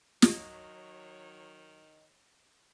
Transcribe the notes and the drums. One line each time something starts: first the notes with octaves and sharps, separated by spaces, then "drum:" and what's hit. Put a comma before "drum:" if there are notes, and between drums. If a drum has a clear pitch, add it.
D#3 F#3 C#5 D#5, drum: snare